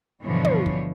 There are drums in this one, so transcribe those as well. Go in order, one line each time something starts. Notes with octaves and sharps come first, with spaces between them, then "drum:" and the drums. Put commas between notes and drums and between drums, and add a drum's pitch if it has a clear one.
G2 B2 D3 E3 F3 C#5
drum: tom
drum: kick